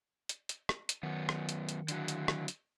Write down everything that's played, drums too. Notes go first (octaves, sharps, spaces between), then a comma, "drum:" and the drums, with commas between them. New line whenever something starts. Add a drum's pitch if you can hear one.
drum: hi-hat
drum: hi-hat
drum: rim click
drum: hi-hat
F#2 D#3 B3
drum: rim click
drum: hi-hat
drum: hi-hat
D3 F#3, drum: hi-hat
drum: hi-hat
drum: rim click
drum: hi-hat